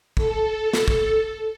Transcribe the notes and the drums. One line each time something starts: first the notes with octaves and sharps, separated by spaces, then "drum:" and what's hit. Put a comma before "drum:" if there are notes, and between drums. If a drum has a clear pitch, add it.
A4, drum: kick
drum: snare
drum: kick